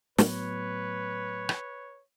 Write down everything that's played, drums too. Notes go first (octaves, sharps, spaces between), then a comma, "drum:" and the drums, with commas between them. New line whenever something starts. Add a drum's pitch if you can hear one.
A2 F#3 B3 B4 C#5, drum: snare
drum: rim click